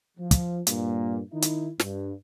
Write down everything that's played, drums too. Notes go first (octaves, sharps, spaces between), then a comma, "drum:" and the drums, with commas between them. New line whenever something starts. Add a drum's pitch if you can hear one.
F3
drum: kick, hi-hat
G2 A#2 A#3, drum: hi-hat
D#3 D#4 E4
drum: hi-hat
G2, drum: snare